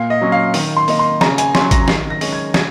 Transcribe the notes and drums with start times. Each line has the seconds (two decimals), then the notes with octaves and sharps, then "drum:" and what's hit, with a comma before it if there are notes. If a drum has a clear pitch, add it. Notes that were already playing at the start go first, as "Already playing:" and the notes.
Already playing: A#2 F5
0.10 D#5
0.21 F#3 C#4
0.32 F5
0.54 D#3, drum: open hi-hat
0.77 C6
0.88 A#3 D#4, drum: open hi-hat
0.99 C6
1.21 C#3 A#5, drum: snare
1.38 G#5, drum: hi-hat
1.55 F#3 C#4 C6, drum: snare
1.71 A#6, drum: kick G#1, hi-hat
1.88 D#3 C7, drum: snare
2.10 A#6
2.21 G#3 C#4, drum: open hi-hat
2.33 G#6
2.54 C#3 G#6, drum: snare